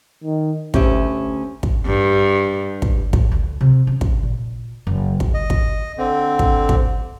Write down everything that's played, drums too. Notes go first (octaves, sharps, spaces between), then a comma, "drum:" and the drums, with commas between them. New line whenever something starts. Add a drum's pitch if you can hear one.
D#3
D2 C#4 G4 E5, drum: kick
drum: kick
G2
drum: kick
A2, drum: kick
D2
C3
C#4
drum: kick
A#2
F#1
drum: kick
D#5
drum: kick
D3 C4
drum: kick
drum: kick